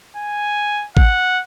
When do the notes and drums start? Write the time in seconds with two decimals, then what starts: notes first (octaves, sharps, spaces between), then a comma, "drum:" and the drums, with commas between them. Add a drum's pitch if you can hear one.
0.17 G#5
0.97 F#5, drum: kick G#1